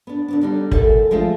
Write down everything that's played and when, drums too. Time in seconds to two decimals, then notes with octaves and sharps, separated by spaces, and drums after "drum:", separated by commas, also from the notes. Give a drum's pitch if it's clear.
0.07 B3 D4
0.28 D3 B3 D4
0.41 D3 G3 D#4
0.71 F#2 A4 E5, drum: kick
1.11 F3 G#3 A3 F4